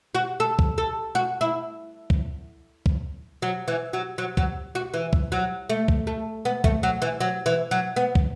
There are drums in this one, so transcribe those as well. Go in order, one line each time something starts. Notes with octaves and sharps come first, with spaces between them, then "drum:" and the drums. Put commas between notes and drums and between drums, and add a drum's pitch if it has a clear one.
F#4
A4
drum: kick
A4
F#4
E4
drum: kick
drum: kick
F#3
E3
F#3
F#3
F#3, drum: kick
F#4
E3
drum: kick
F#3
A3
drum: kick
A3
B3
A3, drum: kick
F#3
E3
F#3
E3
F#3
B3
drum: kick